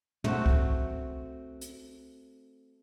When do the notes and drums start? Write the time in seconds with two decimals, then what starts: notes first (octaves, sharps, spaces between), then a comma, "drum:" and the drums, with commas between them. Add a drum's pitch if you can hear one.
0.24 A3 C4 F#4, drum: tom
0.46 drum: kick C2
1.61 drum: hi-hat